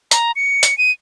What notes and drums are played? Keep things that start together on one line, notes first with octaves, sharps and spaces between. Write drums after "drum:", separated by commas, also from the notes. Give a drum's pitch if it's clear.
A#5, drum: hi-hat
C#7
drum: hi-hat
D#7